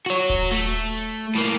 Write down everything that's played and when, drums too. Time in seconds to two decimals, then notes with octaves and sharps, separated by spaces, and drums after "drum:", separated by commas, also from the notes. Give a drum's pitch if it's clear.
0.06 F#4 C#5
0.30 drum: kick D#1, hi-hat
0.51 A3, drum: hi-hat
0.76 drum: open hi-hat
1.00 drum: hi-hat
1.35 A2 A#3